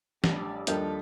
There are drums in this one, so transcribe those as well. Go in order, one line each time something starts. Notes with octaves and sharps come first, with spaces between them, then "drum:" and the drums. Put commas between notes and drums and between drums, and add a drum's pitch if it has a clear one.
A1 G3 D4, drum: snare
D#2 F3 G3 D4 A4 A#4 D#5 G6, drum: hi-hat